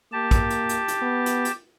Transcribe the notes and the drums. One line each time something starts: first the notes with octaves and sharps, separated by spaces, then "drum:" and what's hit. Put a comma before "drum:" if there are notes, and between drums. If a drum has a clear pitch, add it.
A#3 G4 A5
drum: kick, hi-hat
drum: hi-hat
drum: hi-hat
drum: hi-hat
B3
drum: hi-hat
drum: hi-hat